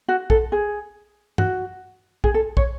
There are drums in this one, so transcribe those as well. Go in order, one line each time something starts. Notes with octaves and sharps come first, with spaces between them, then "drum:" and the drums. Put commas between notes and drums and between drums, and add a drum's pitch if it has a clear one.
F#4
A4, drum: kick
G#4
F#4, drum: tom
G#4, drum: kick
A4
C#5, drum: kick